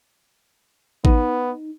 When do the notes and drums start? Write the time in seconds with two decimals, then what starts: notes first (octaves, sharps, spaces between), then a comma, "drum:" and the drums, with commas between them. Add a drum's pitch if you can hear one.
1.05 B3 D#4, drum: kick A1